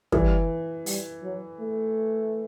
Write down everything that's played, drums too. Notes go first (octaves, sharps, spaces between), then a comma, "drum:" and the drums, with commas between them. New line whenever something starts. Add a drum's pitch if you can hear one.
E3 G3, drum: kick
G3, drum: open hi-hat
F#3
A3